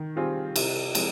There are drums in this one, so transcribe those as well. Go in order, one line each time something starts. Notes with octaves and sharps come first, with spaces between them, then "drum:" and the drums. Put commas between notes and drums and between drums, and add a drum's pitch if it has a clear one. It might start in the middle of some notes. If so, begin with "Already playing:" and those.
Already playing: D#3
G3 C4 F4 G#4
C3, drum: cymbal
F3 G#3 C4, drum: cymbal